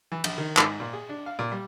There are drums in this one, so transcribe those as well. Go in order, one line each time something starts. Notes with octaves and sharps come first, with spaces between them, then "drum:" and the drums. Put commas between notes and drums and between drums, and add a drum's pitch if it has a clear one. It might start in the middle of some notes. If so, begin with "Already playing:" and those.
E3
A#1, drum: cymbal
D#3
G#2, drum: clap
A#2
G#4
D4
F5
A#2
G3